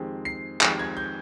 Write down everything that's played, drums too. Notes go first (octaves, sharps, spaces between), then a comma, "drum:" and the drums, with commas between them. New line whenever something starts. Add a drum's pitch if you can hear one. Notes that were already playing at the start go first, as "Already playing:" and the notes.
Already playing: F2 D#3 G#3 C4 G4
C7
F2 D#3 G#3 C4 G4 A#6, drum: clap
G#6
G6